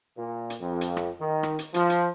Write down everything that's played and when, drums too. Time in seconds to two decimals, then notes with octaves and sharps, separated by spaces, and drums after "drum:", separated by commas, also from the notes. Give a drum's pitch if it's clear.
0.17 A#2
0.50 drum: hi-hat
0.61 F2
0.81 drum: hi-hat
0.97 drum: rim click
1.20 D#3
1.43 drum: rim click
1.59 drum: hi-hat
1.74 F3, drum: hi-hat
1.90 drum: hi-hat